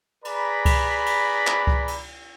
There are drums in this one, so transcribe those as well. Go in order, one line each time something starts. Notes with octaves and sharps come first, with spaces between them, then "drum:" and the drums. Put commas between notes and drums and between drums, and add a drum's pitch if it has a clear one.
G#4 B4 D5 A#5 B5, drum: cymbal
drum: kick C#2, cymbal
drum: cymbal
drum: clap
drum: kick C#2
drum: cymbal